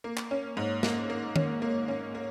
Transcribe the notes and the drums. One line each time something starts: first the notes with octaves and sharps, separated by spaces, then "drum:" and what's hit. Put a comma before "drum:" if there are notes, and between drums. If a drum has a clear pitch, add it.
A#3
drum: clap
C#4
G#2
A#3, drum: snare
A#3
C#4, drum: tom
A#3
C#4
A#3